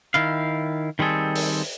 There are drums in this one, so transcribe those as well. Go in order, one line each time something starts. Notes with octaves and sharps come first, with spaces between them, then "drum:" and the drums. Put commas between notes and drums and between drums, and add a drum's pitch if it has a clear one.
D#3 E4 F5
D#3 G3 C4 G#4 A4
drum: open hi-hat